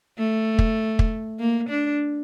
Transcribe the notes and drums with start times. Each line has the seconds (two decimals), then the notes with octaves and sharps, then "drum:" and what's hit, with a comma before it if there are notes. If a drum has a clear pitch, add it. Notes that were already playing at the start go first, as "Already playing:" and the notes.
0.18 A3
0.59 drum: kick
0.99 drum: kick
1.39 A#3
1.70 D4